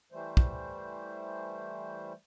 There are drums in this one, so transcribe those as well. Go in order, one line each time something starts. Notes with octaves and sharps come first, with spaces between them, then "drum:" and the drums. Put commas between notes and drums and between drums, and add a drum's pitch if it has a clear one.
E3 G3 A3 C5
drum: kick